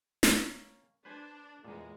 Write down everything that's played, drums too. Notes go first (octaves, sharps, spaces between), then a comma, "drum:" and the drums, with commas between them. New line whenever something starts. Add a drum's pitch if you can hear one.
A#3 C#4, drum: snare
D4 B4 C5 G#5
E2 A#2 G#3